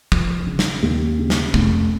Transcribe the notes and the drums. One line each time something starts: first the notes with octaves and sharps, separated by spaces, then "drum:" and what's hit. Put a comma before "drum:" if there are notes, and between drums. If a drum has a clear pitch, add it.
F3, drum: kick
C#3
drum: snare
D#2
C#3
drum: snare
F1, drum: kick